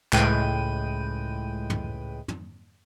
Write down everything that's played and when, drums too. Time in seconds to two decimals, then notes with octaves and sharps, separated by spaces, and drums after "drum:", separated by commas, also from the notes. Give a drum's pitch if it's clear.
0.13 C#2 A2 G#3 B4 G5 D#7, drum: clap
1.70 drum: tom
2.28 drum: tom